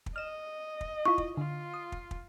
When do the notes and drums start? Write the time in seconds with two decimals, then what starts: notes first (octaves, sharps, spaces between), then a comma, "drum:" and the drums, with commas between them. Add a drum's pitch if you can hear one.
0.06 drum: kick
0.16 D#5 F6 E7
0.81 drum: kick
1.05 E4 F4 C#6
1.18 drum: kick
1.37 D3 F4
1.74 D#6
1.92 drum: kick
2.11 drum: kick